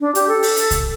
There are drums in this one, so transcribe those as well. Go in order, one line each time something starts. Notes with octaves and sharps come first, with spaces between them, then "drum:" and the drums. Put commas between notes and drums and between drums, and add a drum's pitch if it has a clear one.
D4
G4, drum: hi-hat
A4
drum: open hi-hat
drum: hi-hat
drum: kick C2, hi-hat